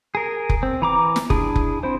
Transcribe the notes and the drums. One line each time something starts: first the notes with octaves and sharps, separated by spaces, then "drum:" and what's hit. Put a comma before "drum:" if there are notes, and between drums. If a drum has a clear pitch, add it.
G#4 A#4
drum: kick F1
C4
E3 A#5 D6
drum: snare
D4 E4 G#4, drum: kick F1
drum: kick F1
C4 E4 C5